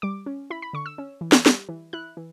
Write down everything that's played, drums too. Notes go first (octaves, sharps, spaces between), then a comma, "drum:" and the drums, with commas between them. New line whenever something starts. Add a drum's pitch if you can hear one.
G3 D6
C#4
E4 B5
B5
D3 C#6
E6
C#4
E3
drum: snare
G3, drum: snare
E3
E4 F#6
E3